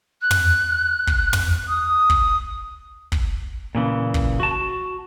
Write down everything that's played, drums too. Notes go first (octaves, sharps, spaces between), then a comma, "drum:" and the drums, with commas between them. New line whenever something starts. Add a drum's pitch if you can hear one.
F#6
drum: tom
drum: kick
drum: tom
D#6
drum: kick
drum: kick
A#2 C#3 E3
drum: kick
F#4 A5